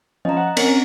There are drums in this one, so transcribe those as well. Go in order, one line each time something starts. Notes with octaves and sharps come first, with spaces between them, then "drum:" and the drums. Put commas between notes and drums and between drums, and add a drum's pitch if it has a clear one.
F3 C#4 D#5 A#5
F#5
C4 C#4 A#4, drum: cymbal